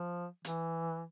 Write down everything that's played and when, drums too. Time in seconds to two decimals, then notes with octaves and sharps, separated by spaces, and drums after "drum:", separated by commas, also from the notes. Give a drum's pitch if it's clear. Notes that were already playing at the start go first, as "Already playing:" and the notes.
Already playing: F3
0.45 E3, drum: hi-hat